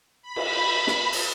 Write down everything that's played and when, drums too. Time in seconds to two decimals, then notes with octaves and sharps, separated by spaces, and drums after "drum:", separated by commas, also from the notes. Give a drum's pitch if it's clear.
0.22 B5
0.36 drum: cymbal
0.87 drum: snare
1.12 drum: open hi-hat